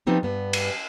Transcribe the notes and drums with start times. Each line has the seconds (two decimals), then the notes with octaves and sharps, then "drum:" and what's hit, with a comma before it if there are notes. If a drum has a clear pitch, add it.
0.07 F3 B3 C4 D#4 G4
0.23 G2 B3
0.53 drum: cymbal